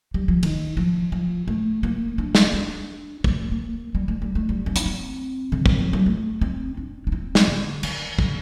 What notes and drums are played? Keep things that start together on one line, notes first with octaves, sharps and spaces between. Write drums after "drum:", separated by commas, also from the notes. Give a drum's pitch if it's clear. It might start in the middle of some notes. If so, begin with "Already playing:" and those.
G3
F3
D#3, drum: cymbal
F3
F3
A3
A#3
D4
drum: snare
D4
A#3, drum: kick A1
A3
A#3
G3
A3
G3
A3
G3
C4
D4, drum: hi-hat
C4
D3
D#3, drum: kick A1
F3
G3
A3
C4
D4
D4
C4
drum: snare
D3
D#3, drum: cymbal
D3, drum: kick A1